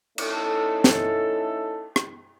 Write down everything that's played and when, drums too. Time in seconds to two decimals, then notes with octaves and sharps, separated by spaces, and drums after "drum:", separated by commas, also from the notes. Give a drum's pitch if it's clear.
0.18 A3 C#4 D#4 E4 A4, drum: cymbal
0.84 drum: snare
1.96 drum: rim click